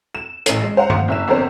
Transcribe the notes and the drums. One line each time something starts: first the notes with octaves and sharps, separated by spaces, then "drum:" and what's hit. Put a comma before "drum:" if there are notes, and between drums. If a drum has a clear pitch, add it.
E7
A1 C7, drum: hi-hat
G#3
C5 F5 F#5 A#5
drum: tom G2
F#1 E5 E7
G1 F2 A#4 C5